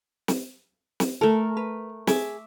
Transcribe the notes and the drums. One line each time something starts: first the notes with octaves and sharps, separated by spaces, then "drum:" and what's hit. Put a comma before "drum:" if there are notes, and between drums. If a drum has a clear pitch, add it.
drum: snare
drum: snare
A3 A4 A#4
B4
G#4 E5 D6, drum: snare